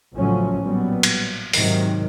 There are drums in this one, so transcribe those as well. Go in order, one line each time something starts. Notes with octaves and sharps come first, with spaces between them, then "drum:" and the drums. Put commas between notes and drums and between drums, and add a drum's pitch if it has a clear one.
A1 C#3 F3 F#3 A3 C#4
A#2 F#3 G3 B3
drum: cymbal
G#2 C3 D#3 F#3, drum: open hi-hat